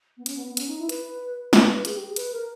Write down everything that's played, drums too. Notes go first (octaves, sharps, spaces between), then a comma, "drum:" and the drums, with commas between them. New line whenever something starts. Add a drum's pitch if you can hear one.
B3
C#4, drum: hi-hat
B3
B3
C#4, drum: hi-hat
D#4
E4
B4, drum: hi-hat
B4, drum: snare
B4
G#4, drum: hi-hat
G4
G#4
B4, drum: hi-hat
A#4